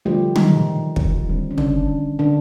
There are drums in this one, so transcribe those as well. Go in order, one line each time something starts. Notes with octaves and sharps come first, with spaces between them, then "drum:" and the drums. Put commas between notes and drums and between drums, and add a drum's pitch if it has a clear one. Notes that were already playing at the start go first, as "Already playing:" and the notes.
D3 F3 G3 A3 G4
D#3 D#4, drum: tom
drum: kick
D3 G3 C4
C#4
D3 D4, drum: tom
D3 D4